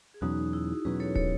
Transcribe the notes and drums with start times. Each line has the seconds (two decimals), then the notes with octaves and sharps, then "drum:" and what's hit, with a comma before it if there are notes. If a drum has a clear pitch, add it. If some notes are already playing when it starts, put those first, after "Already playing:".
0.14 G#4
0.21 E2 B2 F#3 C#4 D#4 F#4
0.53 E4 G#4
0.85 E2 B2 F#3 C#4 G#4 B4
1.00 A4 C#5
1.16 A4 C#5, drum: kick